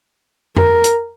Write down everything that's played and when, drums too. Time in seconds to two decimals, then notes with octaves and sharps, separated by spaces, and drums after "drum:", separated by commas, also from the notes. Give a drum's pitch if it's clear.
0.57 A#4, drum: tom
0.84 drum: hi-hat